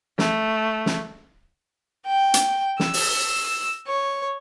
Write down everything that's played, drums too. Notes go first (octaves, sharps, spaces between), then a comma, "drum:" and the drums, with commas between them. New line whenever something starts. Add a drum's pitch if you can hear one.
A3, drum: snare
drum: snare
G5
drum: hi-hat
E6, drum: snare
drum: open hi-hat
C#5